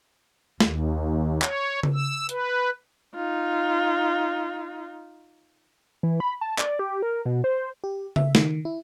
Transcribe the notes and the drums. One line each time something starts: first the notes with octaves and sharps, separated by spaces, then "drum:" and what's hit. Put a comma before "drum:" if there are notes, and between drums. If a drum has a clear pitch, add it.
D#2, drum: snare
C#5, drum: clap
drum: tom C#3
E6
B4, drum: hi-hat
D#4 F4
E3
B5
A5
D5, drum: clap
G4
A#4
B2
C5
G4
E5, drum: tom C#3
D#3, drum: snare
E4